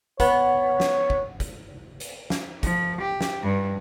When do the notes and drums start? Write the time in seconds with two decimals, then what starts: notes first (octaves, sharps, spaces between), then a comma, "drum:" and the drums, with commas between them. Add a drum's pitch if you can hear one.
0.20 B3 C#5, drum: kick, hi-hat
0.80 drum: snare
1.10 drum: kick
1.40 drum: kick, hi-hat
2.00 drum: hi-hat
2.30 drum: snare
2.63 F3, drum: kick, hi-hat
3.01 G4
3.21 drum: snare
3.43 G2